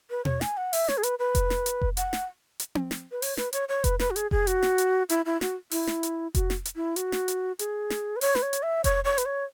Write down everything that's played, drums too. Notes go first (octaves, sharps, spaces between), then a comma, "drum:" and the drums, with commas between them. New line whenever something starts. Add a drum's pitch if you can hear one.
B4
C#5, drum: tom B2
G#5, drum: snare
F#5
E5, drum: open hi-hat
C#5, drum: snare
G#4
B4, drum: hi-hat
B4
drum: kick F1, hi-hat
drum: snare
drum: hi-hat
drum: kick F1
F#5, drum: hi-hat
drum: snare
drum: hi-hat
drum: tom C4
drum: snare
B4
C#5, drum: open hi-hat
B4, drum: snare
C#5, drum: hi-hat
C#5
B4, drum: kick F1, hi-hat
B4, drum: snare
F#4
G#4, drum: hi-hat
G#4, drum: kick F1
F#4, drum: hi-hat
drum: snare
drum: hi-hat
E4, drum: hi-hat
E4
F#4, drum: snare
E4, drum: open hi-hat
drum: snare
drum: hi-hat
F#4, drum: kick F1, hi-hat
drum: snare
drum: hi-hat
E4
F#4, drum: hi-hat
drum: snare
drum: hi-hat
G#4, drum: hi-hat
drum: snare
B4
C#5, drum: open hi-hat
B4, drum: snare
C#5
drum: hi-hat
E5
C#5, drum: kick F1, hi-hat
C#5
B4, drum: hi-hat
C#5